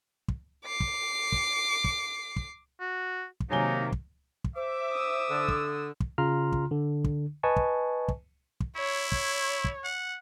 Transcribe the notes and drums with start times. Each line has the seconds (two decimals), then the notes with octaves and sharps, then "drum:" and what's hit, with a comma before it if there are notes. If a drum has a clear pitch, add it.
0.28 drum: kick
0.64 D6 C7
0.80 drum: kick
1.32 drum: kick
1.84 drum: kick
2.36 drum: kick
2.80 F#4
3.40 drum: kick
3.51 C3 D#3 F#3 A#3 D#4 G#5 G7
3.92 drum: kick
4.44 drum: kick
4.56 C5 E5 D6
4.92 D#6 E6
5.29 D3
5.48 drum: kick
6.00 drum: kick
6.18 C#3 F4 A#5 C6 F6
6.52 drum: kick
6.71 D3
7.04 drum: kick
7.43 B4 D#5 G#5 A5 C#6
7.56 drum: kick
8.08 drum: kick
8.60 drum: kick
8.76 E4 C#5
9.12 C#5, drum: kick
9.64 drum: kick
9.84 F#5